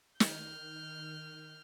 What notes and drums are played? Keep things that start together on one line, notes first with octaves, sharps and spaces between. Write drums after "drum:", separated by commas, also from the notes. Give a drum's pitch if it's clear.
D#3 F6 G6, drum: snare